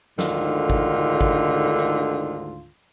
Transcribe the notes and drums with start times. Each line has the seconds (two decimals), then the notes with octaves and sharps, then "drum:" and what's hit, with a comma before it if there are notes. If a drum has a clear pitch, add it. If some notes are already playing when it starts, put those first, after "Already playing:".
0.19 D2 G#2 D3 D#3 F4, drum: snare
0.70 drum: kick G#1
1.21 drum: kick G#1
1.78 drum: hi-hat